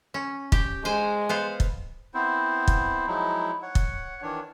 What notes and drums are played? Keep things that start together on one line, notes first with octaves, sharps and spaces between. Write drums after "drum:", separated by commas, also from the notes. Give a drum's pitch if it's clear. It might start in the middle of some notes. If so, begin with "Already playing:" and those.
C#4
G4, drum: kick
G#3 C5 G#5
B3 C5 F5
drum: kick
B3 C4 E4 C5
drum: kick
F3 F#3 G#3 D#4 E4
C#5 F#5
drum: kick
D#3 E3 D4 C#5